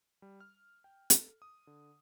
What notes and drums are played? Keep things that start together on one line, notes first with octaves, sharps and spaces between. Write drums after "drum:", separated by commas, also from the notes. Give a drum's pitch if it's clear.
G3
F6
G5
A4, drum: hi-hat
D#6
D3